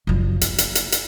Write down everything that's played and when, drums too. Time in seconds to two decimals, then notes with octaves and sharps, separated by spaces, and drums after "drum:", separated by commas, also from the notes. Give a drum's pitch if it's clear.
0.07 F#1 F3
0.41 A#3, drum: hi-hat
0.58 drum: hi-hat
0.75 drum: hi-hat
0.92 drum: hi-hat